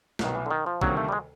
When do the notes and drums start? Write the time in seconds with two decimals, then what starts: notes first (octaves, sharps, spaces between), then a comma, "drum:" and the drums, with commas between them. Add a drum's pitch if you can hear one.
0.19 C2 B2 D#3 F#3 B3, drum: snare
0.35 E3
0.46 D3
0.50 D#3
0.66 F3
0.81 D2 C3 D#3 F#3 G3 A#3, drum: kick
0.97 A3
1.09 G3
1.12 G#3